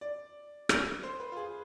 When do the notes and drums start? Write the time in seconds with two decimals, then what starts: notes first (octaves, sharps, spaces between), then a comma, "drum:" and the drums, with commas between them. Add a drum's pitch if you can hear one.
0.01 D5
0.69 drum: rim click
1.03 C5
1.20 B4
1.32 F4
1.37 G#4